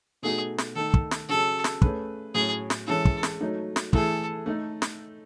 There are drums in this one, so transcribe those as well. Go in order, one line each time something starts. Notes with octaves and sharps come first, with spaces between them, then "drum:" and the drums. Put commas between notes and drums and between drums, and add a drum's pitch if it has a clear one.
B2 A3 D#4 F#4 G#4 A4
drum: snare
D#3 A3 D#4 A4
drum: kick
drum: snare
C#3 F#3 C#4 G#4 A4
drum: snare
A3 C#4 G#4 B4, drum: kick
A2 F#3 C#4 G#4
drum: snare
E3 G#3 C#4 E4 A4
drum: kick
drum: snare
F#3 A3 D#4
drum: snare
E3 A3 E4 G#4 A4, drum: kick
A3 D#4 A4
drum: snare